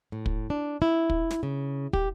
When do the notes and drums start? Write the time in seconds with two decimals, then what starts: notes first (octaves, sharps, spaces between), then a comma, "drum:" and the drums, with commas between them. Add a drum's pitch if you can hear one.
0.12 A2
0.26 drum: kick
0.50 D4
0.82 E4
1.10 drum: kick
1.30 drum: snare
1.43 C#3
1.93 G4, drum: kick